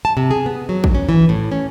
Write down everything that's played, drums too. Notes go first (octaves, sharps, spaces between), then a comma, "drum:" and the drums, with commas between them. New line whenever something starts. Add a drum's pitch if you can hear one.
A5
C3
G#4
B3
F#3
drum: kick
C#4
E3
A2
C#4